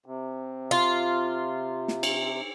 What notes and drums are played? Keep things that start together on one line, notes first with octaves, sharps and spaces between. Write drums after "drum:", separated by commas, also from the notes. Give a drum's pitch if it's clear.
C3
F4
drum: snare
drum: cymbal